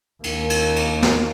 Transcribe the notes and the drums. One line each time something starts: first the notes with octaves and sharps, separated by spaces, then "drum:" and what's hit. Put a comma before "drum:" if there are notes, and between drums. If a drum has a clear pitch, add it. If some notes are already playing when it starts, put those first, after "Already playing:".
D#2 A#3, drum: cymbal
drum: cymbal
drum: cymbal
drum: snare